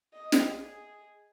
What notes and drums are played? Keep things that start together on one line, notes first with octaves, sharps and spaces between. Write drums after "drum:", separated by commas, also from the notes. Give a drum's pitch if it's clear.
D#5
drum: snare
G#4